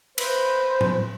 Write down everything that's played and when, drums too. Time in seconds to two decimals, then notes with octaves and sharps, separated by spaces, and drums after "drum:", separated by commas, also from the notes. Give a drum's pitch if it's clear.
0.18 B4 C5, drum: cymbal
0.81 drum: tom A2